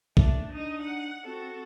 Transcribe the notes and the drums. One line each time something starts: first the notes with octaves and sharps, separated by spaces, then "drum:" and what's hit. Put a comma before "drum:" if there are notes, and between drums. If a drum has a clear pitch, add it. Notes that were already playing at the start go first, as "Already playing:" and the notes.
A3 D4 E5, drum: kick
D4 D#4 D#5
F#5
C4 F#4 A4